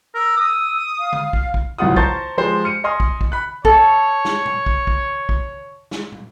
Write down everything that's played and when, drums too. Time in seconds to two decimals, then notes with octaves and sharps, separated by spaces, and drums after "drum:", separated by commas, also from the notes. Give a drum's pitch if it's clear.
0.15 A#4 E6
0.37 D#6
0.99 F5
1.12 drum: tom D3
1.33 drum: kick
1.54 drum: kick
1.78 D1 C2 F#3 F4 F#5 D#6
1.96 C5 A5 A#5 C#6 G6 A6, drum: kick
2.37 F3 G#3 G4 C5
2.64 F6 C#7 D#7
2.84 D#5 G#5 C6 D#6 F6
3.00 drum: kick
3.21 drum: kick
3.32 B5 F#6
3.65 A4 C#5, drum: kick
4.25 drum: snare
4.46 drum: tom
4.66 drum: kick
4.87 drum: kick
5.29 drum: kick
5.91 drum: snare
6.12 drum: tom